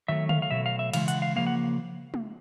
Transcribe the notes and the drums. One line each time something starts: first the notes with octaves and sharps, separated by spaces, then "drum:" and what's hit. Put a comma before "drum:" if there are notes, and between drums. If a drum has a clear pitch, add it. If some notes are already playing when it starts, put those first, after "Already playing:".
D#3 F#3 A3 E5
F5, drum: tom C#3
F5
B2 F#3 A3 E5
F5
E5
C#3 E3 G#3 F5, drum: cymbal
F#5, drum: hi-hat
F5
C#3 F3 A#3 F5
F#5
drum: tom G#3